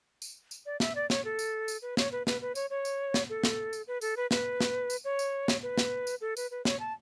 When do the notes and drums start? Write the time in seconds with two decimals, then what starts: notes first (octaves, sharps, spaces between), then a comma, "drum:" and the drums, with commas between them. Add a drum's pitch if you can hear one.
0.22 drum: tambourine
0.51 drum: tambourine
0.66 D5
0.80 E5, drum: snare
0.95 D5
1.10 C#5, drum: snare
1.25 A4
1.39 drum: tambourine
1.68 drum: tambourine
1.82 B4
1.97 C#5, drum: snare
2.12 B4
2.27 B4, drum: snare
2.42 B4
2.55 C#5, drum: tambourine
2.70 C#5
2.85 drum: tambourine
3.14 drum: snare
3.29 A4
3.44 drum: snare
3.73 drum: tambourine
3.87 B4
4.01 A4, drum: tambourine
4.17 B4
4.31 B4, drum: snare
4.61 drum: snare
4.90 drum: tambourine
5.04 C#5
5.19 drum: tambourine
5.48 drum: snare
5.63 B4
5.78 drum: snare
6.07 drum: tambourine
6.21 A4
6.37 B4, drum: tambourine
6.51 B4
6.65 C#5, drum: snare
6.80 A5